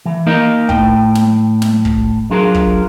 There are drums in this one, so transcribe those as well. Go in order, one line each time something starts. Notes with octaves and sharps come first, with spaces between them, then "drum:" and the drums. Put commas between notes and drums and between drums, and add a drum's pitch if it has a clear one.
E3
A#3 D#4 A#4 D#5 F5
A2 G5, drum: kick
drum: snare
drum: snare
drum: kick
F#3 D4 F4 G#4 A#4
drum: kick